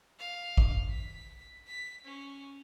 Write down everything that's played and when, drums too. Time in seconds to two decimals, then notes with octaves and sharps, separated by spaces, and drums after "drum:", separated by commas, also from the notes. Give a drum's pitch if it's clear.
0.18 F5
0.57 drum: kick
0.89 B6
1.67 B6
2.04 C#4